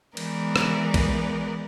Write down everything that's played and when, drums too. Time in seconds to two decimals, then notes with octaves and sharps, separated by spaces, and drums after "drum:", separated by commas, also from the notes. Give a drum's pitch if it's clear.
0.17 E3 G#3 B3 A#4 D5, drum: cymbal
0.56 drum: rim click
0.94 drum: kick B1, cymbal